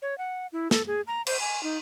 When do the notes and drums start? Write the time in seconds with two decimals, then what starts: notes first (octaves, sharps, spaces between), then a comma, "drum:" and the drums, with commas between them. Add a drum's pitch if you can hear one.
0.02 C#5
0.18 F#5
0.52 E4
0.71 A4, drum: snare
0.87 G#4
1.07 A#5
1.27 C5, drum: cymbal
1.40 G#5
1.63 D#4